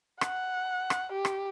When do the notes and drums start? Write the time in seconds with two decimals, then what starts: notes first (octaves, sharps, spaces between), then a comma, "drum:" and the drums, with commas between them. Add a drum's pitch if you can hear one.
0.21 F#5, drum: rim click
0.90 drum: rim click
1.13 G4
1.25 drum: rim click